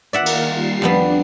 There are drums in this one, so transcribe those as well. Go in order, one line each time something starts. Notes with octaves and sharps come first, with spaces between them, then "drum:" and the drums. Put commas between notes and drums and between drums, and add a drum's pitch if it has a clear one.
D#3 A#3 F4 D5 E5 F#5
drum: cymbal
G3 C7
F2 G3 B3 D4